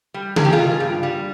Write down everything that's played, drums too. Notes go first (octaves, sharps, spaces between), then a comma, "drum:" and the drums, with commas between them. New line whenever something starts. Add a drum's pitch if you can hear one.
G3
A#3 G#4, drum: tom C#3
G4
F4 G#4
G#2
G2
G3